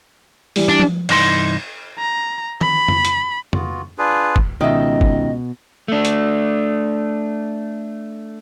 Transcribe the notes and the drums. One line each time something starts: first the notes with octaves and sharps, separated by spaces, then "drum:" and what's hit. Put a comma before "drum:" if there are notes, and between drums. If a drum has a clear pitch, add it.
E3 G3, drum: open hi-hat
D4
drum: tom F3
C2 G2 E3 D#4 A#5 C6, drum: cymbal
A#5
B5, drum: tom D#3
drum: tom
drum: hi-hat
B3 F4 F#4, drum: tom
D4 F4 G#4 B4
drum: kick
C#2 B2 D#3 D#5 E5
drum: kick
A3 D4
drum: hi-hat